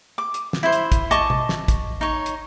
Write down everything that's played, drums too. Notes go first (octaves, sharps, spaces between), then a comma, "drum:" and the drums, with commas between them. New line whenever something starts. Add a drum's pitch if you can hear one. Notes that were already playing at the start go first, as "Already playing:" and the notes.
D6
drum: hi-hat
drum: snare
E4 C5
drum: hi-hat
drum: kick, hi-hat
D#5 A5 C#6 D6, drum: hi-hat
drum: tom B2
drum: snare
drum: kick, hi-hat
D#4 C#5
drum: hi-hat